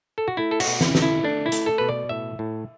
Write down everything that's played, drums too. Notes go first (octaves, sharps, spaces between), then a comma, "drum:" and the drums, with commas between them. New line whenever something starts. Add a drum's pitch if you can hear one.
A4
F#4
A3 E4
A4
F#4, drum: cymbal
B2
E4, drum: snare
A3, drum: snare
E4
A3 D4
E4
A3, drum: hi-hat
A4
B2 B4
D5
A2 E5
A2